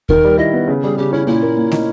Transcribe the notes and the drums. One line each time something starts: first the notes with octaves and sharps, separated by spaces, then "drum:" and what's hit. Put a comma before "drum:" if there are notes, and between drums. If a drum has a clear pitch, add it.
D#3 A#4, drum: kick D#2
G3
E4 D#5
B3
C#3
G3 G#4
C#3 G4
C#4 E4
A#2 E4
A#3
A#2
D#4, drum: snare